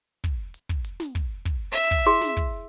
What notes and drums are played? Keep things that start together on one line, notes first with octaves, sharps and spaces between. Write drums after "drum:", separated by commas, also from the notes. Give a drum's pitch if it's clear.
drum: kick, hi-hat
drum: hi-hat
drum: kick
drum: hi-hat
drum: snare
drum: kick, open hi-hat
drum: kick, hi-hat
E5
drum: kick
E4 G#4 C6, drum: hi-hat
drum: snare
drum: kick, open hi-hat